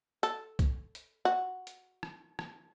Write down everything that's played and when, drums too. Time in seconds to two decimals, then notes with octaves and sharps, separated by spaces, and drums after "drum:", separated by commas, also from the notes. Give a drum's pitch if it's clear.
0.23 A4, drum: hi-hat
0.59 drum: kick, hi-hat
0.95 drum: hi-hat
1.25 F#4
1.67 drum: hi-hat
2.03 drum: rim click
2.39 drum: rim click